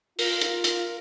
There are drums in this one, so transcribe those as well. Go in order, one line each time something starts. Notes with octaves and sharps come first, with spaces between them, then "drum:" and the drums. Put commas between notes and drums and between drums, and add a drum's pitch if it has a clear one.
F4 A#4, drum: open hi-hat
drum: hi-hat
drum: hi-hat